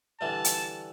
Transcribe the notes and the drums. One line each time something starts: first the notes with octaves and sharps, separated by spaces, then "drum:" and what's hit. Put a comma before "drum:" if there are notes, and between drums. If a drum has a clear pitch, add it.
D3 E3 G3 A5
drum: hi-hat